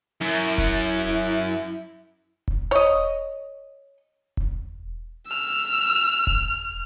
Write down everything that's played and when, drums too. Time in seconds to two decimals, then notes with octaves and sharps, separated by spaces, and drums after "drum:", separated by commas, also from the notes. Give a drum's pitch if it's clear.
0.21 F#2 E4
0.58 drum: kick E1
2.48 drum: kick E1
2.71 C#5 D#5
4.37 drum: kick E1
5.30 E6 F6
6.27 drum: kick E1